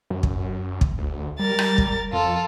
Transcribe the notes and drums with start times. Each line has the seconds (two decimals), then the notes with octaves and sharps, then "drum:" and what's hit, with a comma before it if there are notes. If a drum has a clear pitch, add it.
0.10 F#2
0.23 drum: kick
0.81 drum: kick
0.98 D2
1.39 G3 A#4 A6
1.59 drum: rim click
1.78 drum: kick
2.13 F2 F4 A4